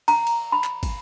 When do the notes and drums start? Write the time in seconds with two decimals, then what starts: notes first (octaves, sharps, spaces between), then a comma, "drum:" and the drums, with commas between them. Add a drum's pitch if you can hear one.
0.08 A#5, drum: cymbal
0.27 drum: cymbal
0.52 B5
0.64 drum: clap
0.83 drum: kick, cymbal